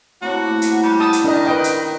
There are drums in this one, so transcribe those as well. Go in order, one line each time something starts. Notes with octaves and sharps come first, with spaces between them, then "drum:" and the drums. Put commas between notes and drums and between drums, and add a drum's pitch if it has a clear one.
A2 C3 A#3 F#4
drum: hi-hat
G3
A5 D#6 E6
drum: hi-hat
D#3 D4 A#4 D#5
B4 D#5 G5
drum: hi-hat